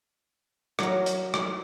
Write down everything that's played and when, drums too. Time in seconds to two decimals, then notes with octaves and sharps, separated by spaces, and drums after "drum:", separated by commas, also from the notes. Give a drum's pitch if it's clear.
0.79 F#3 A#4, drum: rim click
1.06 drum: hi-hat
1.34 drum: rim click